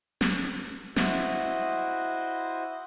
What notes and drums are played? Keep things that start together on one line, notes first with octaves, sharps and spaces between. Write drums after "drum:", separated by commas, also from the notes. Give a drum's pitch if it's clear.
drum: snare
E4 F#4 C5 D#5, drum: snare